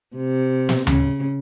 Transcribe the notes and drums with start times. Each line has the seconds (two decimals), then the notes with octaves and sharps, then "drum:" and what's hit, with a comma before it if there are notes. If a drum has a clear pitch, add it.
0.16 C3
0.69 drum: snare
0.87 C#3, drum: tom D2